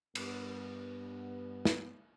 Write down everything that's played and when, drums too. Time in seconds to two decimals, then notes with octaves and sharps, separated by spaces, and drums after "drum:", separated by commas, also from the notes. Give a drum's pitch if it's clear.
0.15 G2 B3, drum: cymbal
1.65 drum: snare